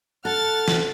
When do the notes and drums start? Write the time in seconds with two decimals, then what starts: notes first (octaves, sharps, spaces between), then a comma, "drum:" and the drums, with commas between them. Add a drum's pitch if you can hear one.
0.25 A4 F#5 F6 A6
0.68 drum: snare